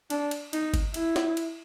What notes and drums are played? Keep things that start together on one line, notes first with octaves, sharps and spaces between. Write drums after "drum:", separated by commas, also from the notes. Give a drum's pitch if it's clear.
D4, drum: cymbal
drum: cymbal
D#4, drum: cymbal
drum: kick G1, cymbal
E4, drum: cymbal
drum: snare
drum: cymbal